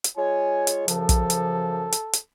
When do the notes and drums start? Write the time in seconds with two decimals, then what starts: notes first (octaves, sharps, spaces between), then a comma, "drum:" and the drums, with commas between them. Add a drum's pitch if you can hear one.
0.04 drum: hi-hat
0.17 G#3 F4 C#5 G#5
0.67 drum: hi-hat
0.88 F#2 C#3 F3 A4, drum: hi-hat
1.09 drum: kick, hi-hat
1.30 drum: hi-hat
1.92 drum: hi-hat
2.13 drum: hi-hat